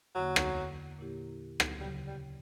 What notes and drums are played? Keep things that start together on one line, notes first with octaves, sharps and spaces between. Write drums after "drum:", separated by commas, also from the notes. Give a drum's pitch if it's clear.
E2 D3 F#3 A#3
drum: rim click
A#2 A#3 E4 G4
drum: rim click
D2 C#3 F#3 G3
G3